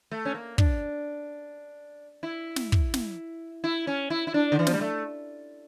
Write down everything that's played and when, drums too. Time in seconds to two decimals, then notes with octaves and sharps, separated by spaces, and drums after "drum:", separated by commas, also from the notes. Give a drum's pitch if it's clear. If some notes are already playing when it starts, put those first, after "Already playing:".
0.11 A3
0.25 C#4
0.34 A#3
0.58 D4, drum: kick
2.23 E4
2.56 drum: snare
2.72 drum: kick
2.94 drum: snare
3.64 E4
3.87 C#4
4.10 E4
4.27 E4
4.34 D4
4.52 D3
4.59 E3
4.67 F3, drum: snare
4.74 G3
4.81 A3